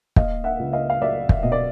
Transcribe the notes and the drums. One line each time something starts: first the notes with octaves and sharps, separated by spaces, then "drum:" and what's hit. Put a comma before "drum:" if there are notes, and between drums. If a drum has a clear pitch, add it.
A#3 D#5 F5, drum: kick
E5 F#5
C#2
D#5 F5
F5
F#3 D5 E5
drum: kick
B2 D#5
D5